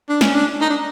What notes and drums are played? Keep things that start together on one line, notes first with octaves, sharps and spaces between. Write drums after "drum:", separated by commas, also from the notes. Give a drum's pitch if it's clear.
D4
C#4, drum: snare
D4
D#4
D4